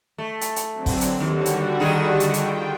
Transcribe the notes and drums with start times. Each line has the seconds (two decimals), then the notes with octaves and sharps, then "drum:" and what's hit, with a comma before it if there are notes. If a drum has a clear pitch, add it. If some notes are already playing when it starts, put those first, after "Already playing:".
0.18 A3
0.41 drum: hi-hat
0.56 drum: hi-hat
0.71 D3 F#3 C4
0.86 drum: kick, open hi-hat
1.01 drum: hi-hat
1.20 D#2 D3 G3 F#4
1.46 drum: hi-hat
1.80 D#3 G#4
2.20 drum: hi-hat
2.34 F4 G5, drum: hi-hat